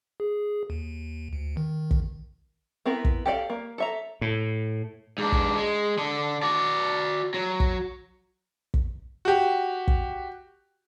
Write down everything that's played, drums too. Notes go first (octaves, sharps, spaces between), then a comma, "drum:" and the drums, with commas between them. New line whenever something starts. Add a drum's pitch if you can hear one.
G#4
D#2
D2
D#3
drum: kick
B3 C4 E4 A#4
drum: kick
G4 A4 D5 F5
A#3
A4 E5 A#5
A2
G#2 D4
drum: kick
G#3
D3
F#4 D5
F#3
drum: kick
drum: kick
F#4 G4
drum: kick